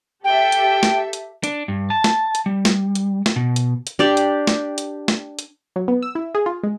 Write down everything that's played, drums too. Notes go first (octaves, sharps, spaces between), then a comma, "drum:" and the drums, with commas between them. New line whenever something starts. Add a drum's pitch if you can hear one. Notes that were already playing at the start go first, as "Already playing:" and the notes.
G4 A4 E5 G5
drum: hi-hat
drum: snare
drum: hi-hat
D4, drum: hi-hat
G2
A5
drum: snare
drum: hi-hat
G3
drum: snare
drum: hi-hat
drum: snare
B2
drum: hi-hat
drum: hi-hat
D4 G4 D5
drum: hi-hat
drum: snare
drum: hi-hat
drum: snare
drum: hi-hat
F#3
B3
E6
E4
G#4
F4
G#3